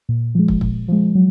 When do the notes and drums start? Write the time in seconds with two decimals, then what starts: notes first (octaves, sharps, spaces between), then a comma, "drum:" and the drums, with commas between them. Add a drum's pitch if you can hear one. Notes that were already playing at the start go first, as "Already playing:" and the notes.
0.09 A#2
0.35 F3 G#3
0.48 drum: kick
0.61 A#2, drum: kick
0.88 F3 G#3
1.15 F#3